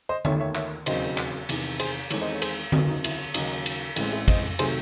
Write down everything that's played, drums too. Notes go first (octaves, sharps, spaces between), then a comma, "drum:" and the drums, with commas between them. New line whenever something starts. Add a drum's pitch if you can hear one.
C5 D#5
D#2 D#3 A3 C#5 E5, drum: tom D3
C#5 E5
C#5 E5, drum: clap
E1 D#2 C#3 F#3 C4 C5 D#5, drum: cymbal
drum: clap
E2 C3 D#3, drum: cymbal
G#4 C5, drum: cymbal
E2 D#3 G#3 C4 A4 C#5, drum: cymbal
C5 D#5
A4 C#5
G#4 C5, drum: cymbal
D#2 C#3 F#3 C4 F#4 A4, drum: tom D3
D#4 F#4
E4, drum: cymbal
D#2 C#3 F#3 D#4, drum: cymbal
drum: cymbal
A1 A2 G#3 C4, drum: cymbal
E4 G#4
C5 D#5, drum: kick, cymbal
C3 D#3 F#3 A3 G#4 C5, drum: cymbal